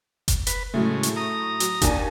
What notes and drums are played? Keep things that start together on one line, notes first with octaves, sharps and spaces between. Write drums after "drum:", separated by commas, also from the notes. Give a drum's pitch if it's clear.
drum: kick F#1, hi-hat
B4, drum: hi-hat
A2 C#3 F#3 G#3 A3
drum: hi-hat
A#5 D#6
F#3, drum: hi-hat
D#2 D4 G#5, drum: kick F#1, hi-hat